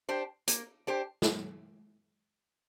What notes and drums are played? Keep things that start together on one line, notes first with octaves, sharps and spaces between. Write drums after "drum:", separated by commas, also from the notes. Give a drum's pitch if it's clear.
D4 G4 C5
A#3, drum: hi-hat
D4 G4 C5
drum: snare